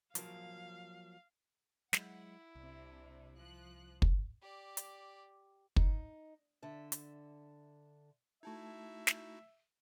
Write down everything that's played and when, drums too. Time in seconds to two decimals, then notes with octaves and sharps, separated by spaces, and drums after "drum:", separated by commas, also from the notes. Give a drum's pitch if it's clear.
0.15 F3 F#3 A#3 F5, drum: hi-hat
1.93 F#3 G#3 E4 F#5, drum: snare
2.55 C2 C3 D4
3.37 F3 F#6
4.02 drum: kick
4.42 G4 D5
4.77 drum: hi-hat
5.76 D#4, drum: kick
6.62 D3 E5
6.92 drum: hi-hat
8.43 A3 D#4 E4 F#4 E5 A5 G#6
9.07 drum: snare